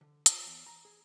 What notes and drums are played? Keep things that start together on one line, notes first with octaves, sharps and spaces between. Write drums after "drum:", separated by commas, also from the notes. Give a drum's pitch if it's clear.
D3
F4, drum: hi-hat
E2
A#5
G#4